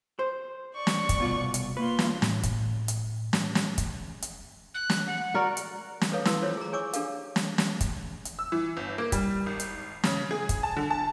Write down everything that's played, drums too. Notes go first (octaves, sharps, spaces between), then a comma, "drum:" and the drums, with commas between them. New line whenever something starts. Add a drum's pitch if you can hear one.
C5
D5 C#6
drum: snare
drum: kick, hi-hat
C2 B2 F4
drum: hi-hat
A#3 F4 B4
drum: snare
A2, drum: snare
drum: kick, hi-hat
drum: hi-hat
drum: snare
drum: snare
drum: kick, hi-hat
drum: hi-hat
F#6
drum: snare
F#5
F#4 A#4 D5
drum: hi-hat
drum: snare
A4 B4 C#5 F5 D#6
E4 B4 C6 E6, drum: snare
E4 F4 A4 C5 C#5
G#4 A#5
G#4 C#5 G#5 C#6 D6 E6
D4 G4 A4 F5, drum: hi-hat
drum: snare
drum: snare
drum: kick, hi-hat
drum: hi-hat
E6
E3
G1
A#3
G3, drum: kick, hi-hat
G#1
drum: hi-hat
C#3, drum: snare
G#4
drum: kick, hi-hat
A5
D3
A5